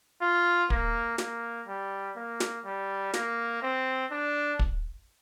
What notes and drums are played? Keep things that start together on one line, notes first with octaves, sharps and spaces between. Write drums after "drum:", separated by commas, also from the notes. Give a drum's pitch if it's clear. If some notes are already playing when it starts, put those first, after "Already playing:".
F4
A#3, drum: kick
A#3, drum: snare
G3
A#3
drum: snare
G3
A#3, drum: snare
C4
D4
drum: kick